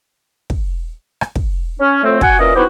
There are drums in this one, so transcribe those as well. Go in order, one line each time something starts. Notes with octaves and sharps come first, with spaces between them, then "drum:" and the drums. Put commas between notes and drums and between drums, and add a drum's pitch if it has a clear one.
drum: kick
drum: rim click
drum: kick
C#4
F2 A2 A3 C4
F#4 F#5 G#5, drum: kick
A#2 E3 C#4 A#4 D#5
B3 C4 D#4 E4 F#4 G4